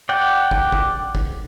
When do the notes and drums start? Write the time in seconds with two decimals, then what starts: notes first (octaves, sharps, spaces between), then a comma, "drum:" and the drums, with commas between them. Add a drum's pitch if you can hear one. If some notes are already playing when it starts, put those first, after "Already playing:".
0.09 D5 F#5 G5
0.51 drum: kick
0.72 drum: kick
1.15 drum: kick